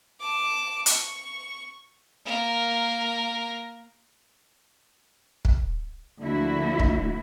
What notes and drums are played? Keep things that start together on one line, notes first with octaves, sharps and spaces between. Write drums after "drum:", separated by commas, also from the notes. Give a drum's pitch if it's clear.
A5 D6
C#6, drum: hi-hat
A#3 A#4
drum: kick
D2 D3 F3 A#3 E4 F#4
drum: kick